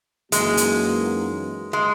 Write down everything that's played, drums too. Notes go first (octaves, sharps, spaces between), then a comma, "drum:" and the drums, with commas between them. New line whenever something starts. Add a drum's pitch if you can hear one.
F#2 E3 G#3 A#3 D#4 F#4, drum: hi-hat
drum: hi-hat
G#3